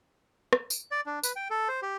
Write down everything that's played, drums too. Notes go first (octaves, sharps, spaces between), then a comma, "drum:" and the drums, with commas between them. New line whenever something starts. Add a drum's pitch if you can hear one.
drum: rim click
drum: tambourine
D5
D4
B4, drum: tambourine
G5
A4
C5
G4